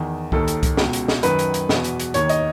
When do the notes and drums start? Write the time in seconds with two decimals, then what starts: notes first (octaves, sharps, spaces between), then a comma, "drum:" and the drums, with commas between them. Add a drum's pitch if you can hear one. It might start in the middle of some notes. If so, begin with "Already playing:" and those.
Already playing: E2 D#3
0.32 D#2 D#3 A4, drum: kick C2
0.48 drum: hi-hat
0.63 drum: kick C2, hi-hat
0.77 C#2 B2, drum: snare
0.93 drum: hi-hat
1.08 drum: snare
1.23 F#2 D#3 B4, drum: hi-hat
1.39 drum: hi-hat
1.54 drum: hi-hat
1.69 E2 B2, drum: snare
1.84 drum: hi-hat
2.00 drum: hi-hat
2.14 D#2 D#3 C#5, drum: hi-hat
2.29 D#5, drum: hi-hat